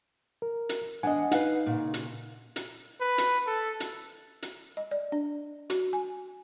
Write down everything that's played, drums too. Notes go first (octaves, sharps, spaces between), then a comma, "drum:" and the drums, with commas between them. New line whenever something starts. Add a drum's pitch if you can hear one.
A#4
drum: hi-hat
E2 D4 D#5 F#5 G#5
D#4 B4 F5 F#5, drum: hi-hat
A#2 C#3
drum: hi-hat
drum: hi-hat
B4
drum: hi-hat
A4
drum: hi-hat
drum: hi-hat
D#5
D5
D4
F#4, drum: hi-hat
G#5